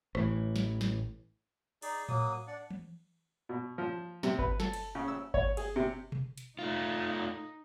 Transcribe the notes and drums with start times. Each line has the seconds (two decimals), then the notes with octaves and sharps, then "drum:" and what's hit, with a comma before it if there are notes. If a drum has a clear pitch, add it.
0.15 A1 A2 E3, drum: rim click
0.56 drum: snare
0.81 drum: snare
1.82 D#4 G#4 D5, drum: cymbal
2.09 F#3 A#3 D#6, drum: tom A2
2.47 D4 D5 F#5
2.71 drum: tom E3
3.49 B2
3.78 F3
4.23 C3, drum: snare
4.39 B4, drum: kick G1
4.60 A4, drum: snare
4.73 drum: cymbal
4.95 C#3
5.08 E6
5.34 C#5, drum: kick G1
5.57 G#4, drum: cymbal
5.76 C3
6.12 drum: tom B2
6.38 drum: hi-hat
6.59 A3 D#4 F4